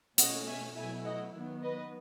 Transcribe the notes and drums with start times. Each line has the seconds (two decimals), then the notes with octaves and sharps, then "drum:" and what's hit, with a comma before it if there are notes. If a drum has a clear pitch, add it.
0.18 B2 A3 C#4 D#5 F#5, drum: hi-hat
0.47 E5 G#5
0.76 B2 F#3 A3 E4 E5 G#5
1.05 D#5 F#5
1.34 D#3 F#3 B3
1.63 B4 D#5